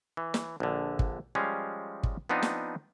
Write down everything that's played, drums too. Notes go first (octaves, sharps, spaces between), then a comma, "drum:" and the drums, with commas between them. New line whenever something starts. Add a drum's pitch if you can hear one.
E3
drum: snare
A#1 D3
drum: kick
F3 G3 G#3 C#4 F5
drum: kick
F3 B3 C4 D4 D#4
drum: snare